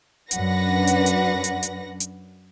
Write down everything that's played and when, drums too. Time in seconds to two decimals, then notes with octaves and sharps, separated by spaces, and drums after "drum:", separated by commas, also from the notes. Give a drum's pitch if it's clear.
0.31 F#2 D4 B4 F#5 A#6, drum: hi-hat
0.87 drum: hi-hat
1.06 drum: hi-hat
1.44 drum: hi-hat
1.63 drum: hi-hat
2.00 drum: hi-hat